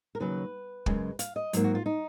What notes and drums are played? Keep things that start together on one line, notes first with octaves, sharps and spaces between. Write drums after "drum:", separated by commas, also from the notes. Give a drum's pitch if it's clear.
A#4
D#2 C#3 F#3 B4
F#2 C#3 G#3, drum: kick
F5, drum: hi-hat
D#5
G#2 F#3 A#3, drum: hi-hat
F#4
F4
D#4